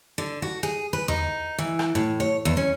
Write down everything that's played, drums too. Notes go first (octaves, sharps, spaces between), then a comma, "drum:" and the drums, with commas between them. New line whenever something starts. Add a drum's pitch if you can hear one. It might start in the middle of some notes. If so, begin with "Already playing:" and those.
D3
F#4
G#4
B4
D#4, drum: tom E2
E3
drum: rim click
A2
C#5
E2
C#4